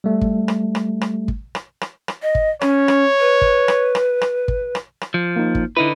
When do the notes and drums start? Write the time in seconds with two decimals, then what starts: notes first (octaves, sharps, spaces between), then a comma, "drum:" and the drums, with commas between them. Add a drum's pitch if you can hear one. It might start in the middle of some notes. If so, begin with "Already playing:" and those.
0.04 G3 A3
0.21 drum: kick
0.48 drum: rim click
0.75 drum: rim click
1.01 drum: rim click
1.28 drum: kick
1.55 drum: rim click
1.81 drum: rim click
2.08 drum: rim click
2.22 D#5
2.35 drum: kick
2.61 C#4 C#5, drum: rim click
2.88 drum: rim click
3.20 B4
3.41 drum: kick
3.68 drum: rim click
3.95 drum: rim click
4.21 drum: rim click
4.48 drum: kick
4.75 drum: rim click
5.01 drum: rim click
5.14 F3
5.36 A#3 D#4
5.55 drum: kick
5.77 D3 D#4 E4 B4